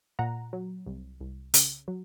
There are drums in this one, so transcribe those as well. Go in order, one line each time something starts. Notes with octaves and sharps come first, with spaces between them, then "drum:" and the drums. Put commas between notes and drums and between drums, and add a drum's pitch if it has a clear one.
A#2 F#5 A#5
F#3
C2
C2
C#3, drum: hi-hat
F#3